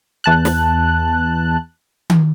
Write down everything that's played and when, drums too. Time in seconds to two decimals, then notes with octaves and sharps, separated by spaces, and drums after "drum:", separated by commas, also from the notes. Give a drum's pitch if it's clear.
0.24 E2 A5 F#6
0.45 drum: snare
2.10 drum: tom D#3